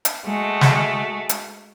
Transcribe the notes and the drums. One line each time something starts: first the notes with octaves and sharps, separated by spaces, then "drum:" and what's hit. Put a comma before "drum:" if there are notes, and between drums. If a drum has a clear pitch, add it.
drum: hi-hat
G#3 A3 F#4
drum: snare
drum: hi-hat